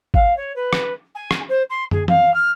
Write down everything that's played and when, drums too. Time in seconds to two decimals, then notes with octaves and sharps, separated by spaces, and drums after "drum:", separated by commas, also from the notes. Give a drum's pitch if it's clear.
0.14 F5, drum: kick G#1
0.36 C#5
0.55 B4
0.73 drum: rim click
1.15 G#5
1.31 drum: rim click
1.49 C5
1.69 C6
1.91 G#4, drum: tom
2.08 F5, drum: tom E3
2.34 F6